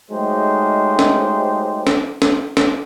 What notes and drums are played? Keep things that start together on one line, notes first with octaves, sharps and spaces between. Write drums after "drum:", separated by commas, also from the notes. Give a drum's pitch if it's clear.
F#3 G#3 A3 D#4 G4 C5
drum: snare
drum: snare
drum: snare
drum: snare